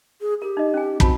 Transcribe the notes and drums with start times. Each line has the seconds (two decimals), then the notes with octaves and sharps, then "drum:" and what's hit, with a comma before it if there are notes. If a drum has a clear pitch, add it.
0.21 G#4
0.42 G4 A#4
0.57 D#4 D#5
0.74 C#4 G#5
1.00 C4 F#4 A5 B5, drum: kick